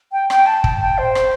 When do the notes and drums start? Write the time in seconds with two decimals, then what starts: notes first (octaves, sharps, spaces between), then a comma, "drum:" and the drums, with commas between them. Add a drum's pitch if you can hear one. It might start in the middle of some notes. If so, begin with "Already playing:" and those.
0.12 G5
0.30 G5, drum: rim click
0.46 A5
0.64 drum: kick
0.81 G5
0.98 C5
1.15 drum: rim click